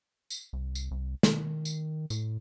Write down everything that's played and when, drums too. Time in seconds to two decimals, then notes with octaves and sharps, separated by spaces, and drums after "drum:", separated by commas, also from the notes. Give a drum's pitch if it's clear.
0.30 drum: tambourine
0.53 C2
0.75 drum: tambourine
0.91 C2
1.23 D#3, drum: snare
1.65 drum: tambourine
2.10 A2, drum: tambourine